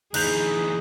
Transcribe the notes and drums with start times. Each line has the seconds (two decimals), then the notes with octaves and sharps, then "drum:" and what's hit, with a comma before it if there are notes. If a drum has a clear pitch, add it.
0.14 D2 E3 D#4 G#4 F#6 G6 F7, drum: cymbal